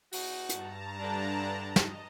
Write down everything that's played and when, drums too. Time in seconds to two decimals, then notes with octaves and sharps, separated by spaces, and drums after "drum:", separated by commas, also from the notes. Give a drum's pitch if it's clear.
0.13 E2 D#4 F#4, drum: open hi-hat
0.49 G2 A5 A#5, drum: hi-hat
1.00 D3 E3 D4
1.76 D#5, drum: snare